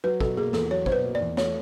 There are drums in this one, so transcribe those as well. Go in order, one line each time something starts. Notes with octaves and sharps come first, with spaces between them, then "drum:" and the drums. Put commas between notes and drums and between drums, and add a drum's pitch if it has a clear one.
F#3 B4
B2 A4, drum: kick
A#3 G#4
E2 A4, drum: snare
F#3 C#5
B2 C5, drum: kick
B4
A#3
D5
E2
A3 C#5, drum: snare